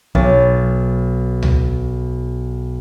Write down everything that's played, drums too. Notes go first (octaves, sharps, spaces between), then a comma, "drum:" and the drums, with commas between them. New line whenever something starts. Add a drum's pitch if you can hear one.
B1 A6, drum: kick
drum: tom C#2